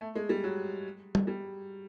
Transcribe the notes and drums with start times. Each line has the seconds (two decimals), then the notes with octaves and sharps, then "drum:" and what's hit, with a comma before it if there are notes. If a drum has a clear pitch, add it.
0.01 A3
0.15 G#3
0.29 G3
0.44 F#3
1.15 drum: tom
1.27 G3